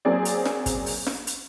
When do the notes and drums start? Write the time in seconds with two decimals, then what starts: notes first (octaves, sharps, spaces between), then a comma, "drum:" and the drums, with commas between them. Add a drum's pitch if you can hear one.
0.05 F#3 A#3 C4 G#4 D5
0.25 drum: hi-hat
0.46 drum: snare
0.66 drum: kick G#1, hi-hat
0.86 drum: open hi-hat
1.07 drum: snare
1.27 drum: hi-hat